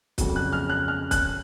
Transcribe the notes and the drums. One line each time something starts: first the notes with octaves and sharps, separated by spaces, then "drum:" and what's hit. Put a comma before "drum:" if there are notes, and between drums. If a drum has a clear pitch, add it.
F2 C#3 F#3, drum: kick, hi-hat
F#6
F6
F#6
F6
F#6, drum: kick, hi-hat